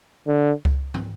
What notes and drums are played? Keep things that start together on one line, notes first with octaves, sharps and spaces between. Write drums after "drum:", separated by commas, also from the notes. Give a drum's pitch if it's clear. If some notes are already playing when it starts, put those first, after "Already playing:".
D3
drum: kick C#2
drum: tom